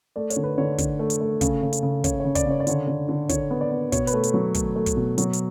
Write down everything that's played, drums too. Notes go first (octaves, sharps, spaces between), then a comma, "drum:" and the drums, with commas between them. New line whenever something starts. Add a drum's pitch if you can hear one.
A3 D5
C#5, drum: hi-hat
D3
B4
D3 C#5
D3, drum: kick, hi-hat
A3
drum: hi-hat
A3
C#3, drum: kick, hi-hat
C#3
drum: hi-hat
C#3
C#3 C#5, drum: kick, hi-hat
C#3 C#5
D5, drum: kick, hi-hat
C#3 C#5
D5
D3 C#5, drum: hi-hat
D3
D3
D3 C#5, drum: kick, hi-hat
B3
D5
B3
B2 C#5, drum: kick, hi-hat
B4, drum: hi-hat
A3
drum: hi-hat
F#3
A3, drum: kick, hi-hat
A3
drum: kick, hi-hat
B2
F#3, drum: hi-hat
drum: hi-hat